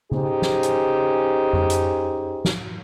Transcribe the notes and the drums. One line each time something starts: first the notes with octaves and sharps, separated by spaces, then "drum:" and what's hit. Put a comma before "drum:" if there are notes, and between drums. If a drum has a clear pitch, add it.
C#4 D#4 G4 G#4 C5, drum: tom C#3
drum: snare
drum: hi-hat
drum: tom F2
drum: hi-hat
drum: snare